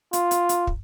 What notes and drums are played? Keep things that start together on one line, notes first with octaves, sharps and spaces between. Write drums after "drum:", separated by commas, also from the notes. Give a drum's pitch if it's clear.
F4, drum: hi-hat
drum: hi-hat
drum: hi-hat
drum: kick